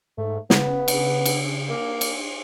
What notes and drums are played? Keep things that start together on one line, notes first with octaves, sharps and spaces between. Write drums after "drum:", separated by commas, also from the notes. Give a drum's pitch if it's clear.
G#2 A3
C#3 B3, drum: snare
drum: cymbal
drum: cymbal
A#3
drum: cymbal